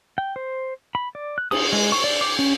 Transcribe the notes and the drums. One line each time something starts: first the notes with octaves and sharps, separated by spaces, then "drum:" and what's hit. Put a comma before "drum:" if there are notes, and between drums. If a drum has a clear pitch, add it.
G5
C5
B5
D5
F#6
D#6, drum: cymbal
G#3
C#6
D5
D6
C#4